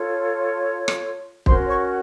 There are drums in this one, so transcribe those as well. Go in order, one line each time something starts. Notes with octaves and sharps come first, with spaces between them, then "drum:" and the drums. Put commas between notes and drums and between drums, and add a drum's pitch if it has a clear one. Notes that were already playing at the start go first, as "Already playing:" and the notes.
Already playing: F4 A4 C#5
drum: rim click
C#4 F#4 A#4 C5 C6, drum: kick
C#5 C#6